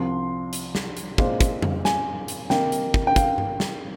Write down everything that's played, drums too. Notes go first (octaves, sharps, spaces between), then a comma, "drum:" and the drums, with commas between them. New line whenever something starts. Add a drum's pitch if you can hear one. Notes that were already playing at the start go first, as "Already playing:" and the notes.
Already playing: C2 C3 F3 C6
drum: hi-hat
drum: snare
drum: hi-hat
A#2 G#3 C4, drum: kick
drum: kick, hi-hat
drum: tom
G#5, drum: snare
drum: hi-hat
C3 D#3 A#3 D#4 G5, drum: snare
drum: hi-hat
drum: kick
G5
F5, drum: kick, hi-hat
drum: tom G2
drum: snare